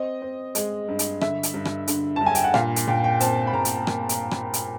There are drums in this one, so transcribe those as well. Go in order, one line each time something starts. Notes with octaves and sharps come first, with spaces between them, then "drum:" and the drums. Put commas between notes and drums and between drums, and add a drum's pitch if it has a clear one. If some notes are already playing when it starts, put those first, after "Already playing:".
Already playing: C4 D#5
C4
G#3, drum: hi-hat
G2
drum: hi-hat
D3 E5, drum: rim click
drum: hi-hat
G2
drum: rim click
D3, drum: hi-hat
A5
G2
G#5
G5, drum: hi-hat
F#5
A#2 F5, drum: rim click
drum: hi-hat
A#2 G5
G5
C4 A5, drum: hi-hat
B5
A#2 A#5
drum: hi-hat
drum: rim click
drum: hi-hat
drum: rim click
drum: hi-hat